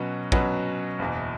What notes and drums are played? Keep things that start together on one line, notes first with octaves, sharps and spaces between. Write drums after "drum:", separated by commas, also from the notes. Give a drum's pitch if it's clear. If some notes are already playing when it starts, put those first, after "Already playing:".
Already playing: B2 F#3 C#4 F#4 B4
B2 F#3 C#4 F#4 B4, drum: kick
F#1 E2 B2